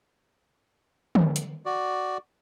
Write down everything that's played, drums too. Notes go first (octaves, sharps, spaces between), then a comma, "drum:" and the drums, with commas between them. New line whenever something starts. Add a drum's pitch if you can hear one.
drum: tom
drum: hi-hat
F#4 D5